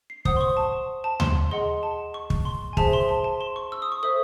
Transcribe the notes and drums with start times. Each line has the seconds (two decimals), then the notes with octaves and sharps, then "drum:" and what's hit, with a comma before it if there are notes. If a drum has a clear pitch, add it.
0.10 C7
0.25 C5 F#5 D#6, drum: kick
0.36 C6
0.41 C#6
0.57 A5
1.04 A5
1.20 C6, drum: tom D2
1.51 G#4 D#5 F#5 C6
1.83 A5
2.14 C#6
2.30 drum: kick
2.45 C6
2.73 G#5
2.77 G#4 C5 E5 A5, drum: kick
2.93 C6
3.09 A5
3.24 A5
3.41 C6
3.56 C#6
3.72 E6
3.82 D#6
3.92 C#6
4.03 A4 C5 E5 D#6